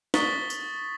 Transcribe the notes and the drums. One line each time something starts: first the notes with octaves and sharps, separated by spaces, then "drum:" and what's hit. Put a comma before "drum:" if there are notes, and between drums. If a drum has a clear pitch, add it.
C#6 D#6 A6 B6 G7, drum: snare
drum: tambourine